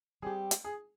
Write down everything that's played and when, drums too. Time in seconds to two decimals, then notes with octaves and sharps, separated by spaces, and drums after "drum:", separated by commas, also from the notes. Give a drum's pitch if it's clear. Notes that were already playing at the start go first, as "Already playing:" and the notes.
0.22 G3 C4 G4 G#4
0.51 drum: hi-hat
0.64 G#4